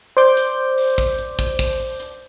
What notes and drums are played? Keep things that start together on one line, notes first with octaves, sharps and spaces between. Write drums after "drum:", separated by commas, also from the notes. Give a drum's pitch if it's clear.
C5 D5 D6 G6
drum: hi-hat
drum: open hi-hat
drum: kick
drum: hi-hat
drum: kick
drum: kick, open hi-hat
drum: hi-hat